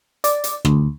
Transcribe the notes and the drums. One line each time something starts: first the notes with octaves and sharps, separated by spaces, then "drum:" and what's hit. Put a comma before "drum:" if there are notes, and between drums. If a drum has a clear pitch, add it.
D5, drum: hi-hat
drum: hi-hat
D2, drum: rim click